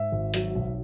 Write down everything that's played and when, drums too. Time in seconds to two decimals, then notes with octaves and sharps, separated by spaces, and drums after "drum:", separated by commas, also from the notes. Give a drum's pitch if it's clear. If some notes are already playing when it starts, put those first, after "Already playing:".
Already playing: G#2 E5
0.12 G#1
0.34 F#3, drum: hi-hat
0.55 B1